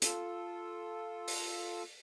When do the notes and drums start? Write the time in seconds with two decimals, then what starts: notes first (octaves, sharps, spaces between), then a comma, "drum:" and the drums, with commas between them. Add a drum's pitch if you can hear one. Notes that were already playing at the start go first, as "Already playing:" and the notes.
0.02 F4 A4, drum: hi-hat
1.28 drum: open hi-hat